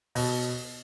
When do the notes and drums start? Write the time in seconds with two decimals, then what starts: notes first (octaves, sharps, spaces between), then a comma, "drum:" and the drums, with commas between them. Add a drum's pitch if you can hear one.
0.15 B2, drum: open hi-hat